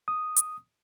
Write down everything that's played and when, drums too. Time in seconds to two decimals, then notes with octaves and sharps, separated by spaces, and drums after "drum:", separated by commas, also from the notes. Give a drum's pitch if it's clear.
0.08 D#6
0.36 drum: hi-hat